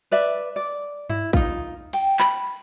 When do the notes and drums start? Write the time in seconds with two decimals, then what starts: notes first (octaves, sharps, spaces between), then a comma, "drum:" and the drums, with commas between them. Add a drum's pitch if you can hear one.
0.11 B4 D5 E5
0.56 D5
1.10 E4, drum: tom G2
1.33 D#4 F4, drum: kick
1.93 G5, drum: cymbal
2.19 B5, drum: clap